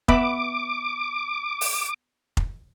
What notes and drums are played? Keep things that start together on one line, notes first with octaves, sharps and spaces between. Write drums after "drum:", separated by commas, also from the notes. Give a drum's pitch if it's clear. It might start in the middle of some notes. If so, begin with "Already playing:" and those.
B3 E5 B5 D6, drum: kick F1
drum: open hi-hat
drum: kick F1